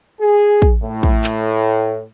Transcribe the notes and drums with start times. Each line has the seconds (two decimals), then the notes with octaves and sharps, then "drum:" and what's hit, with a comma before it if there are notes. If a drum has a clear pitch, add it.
0.21 G#4
0.62 drum: kick
0.83 A2
1.03 drum: kick
1.24 drum: clap